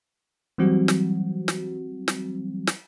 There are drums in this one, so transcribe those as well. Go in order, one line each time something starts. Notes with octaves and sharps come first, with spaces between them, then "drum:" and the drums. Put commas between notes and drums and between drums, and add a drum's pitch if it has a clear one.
E3 F#3 G3 C4 F#4
drum: snare
drum: snare
drum: snare
drum: snare